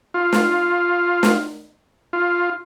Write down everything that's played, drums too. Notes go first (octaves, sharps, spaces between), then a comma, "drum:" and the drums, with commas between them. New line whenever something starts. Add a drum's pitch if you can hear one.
F4
drum: snare
drum: snare
F4